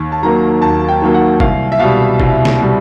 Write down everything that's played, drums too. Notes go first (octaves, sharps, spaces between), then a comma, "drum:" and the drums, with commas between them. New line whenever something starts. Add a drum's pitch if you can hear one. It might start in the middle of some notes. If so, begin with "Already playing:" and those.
Already playing: D#2
A5
D#3 F#3 A#3 A#5
D#2 A5
G5
D#3 F#3 A#3
F#5
C2 F5, drum: kick F#1
E5
B2 G3 F5
C2, drum: kick F#1
drum: snare
B2 G3